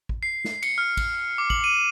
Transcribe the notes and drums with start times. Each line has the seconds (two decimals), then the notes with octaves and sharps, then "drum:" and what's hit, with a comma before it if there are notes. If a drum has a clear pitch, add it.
0.09 drum: kick A1
0.23 C7
0.45 drum: snare
0.63 C#7, drum: cymbal
0.78 F6
0.97 drum: kick A1, cymbal
1.38 D6
1.50 F#7, drum: kick A1
1.64 D#7